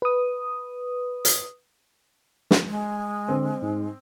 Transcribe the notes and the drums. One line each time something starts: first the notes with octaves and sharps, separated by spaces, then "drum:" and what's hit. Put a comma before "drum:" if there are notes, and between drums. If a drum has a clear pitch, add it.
B4 D#6
drum: hi-hat
drum: snare
G#3
D3 C4
G#2